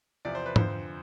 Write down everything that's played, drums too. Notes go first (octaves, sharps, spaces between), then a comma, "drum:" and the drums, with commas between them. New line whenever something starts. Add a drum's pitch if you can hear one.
E2 C3 F3 D5
C5
B4
F2 D3 F3 C5, drum: tom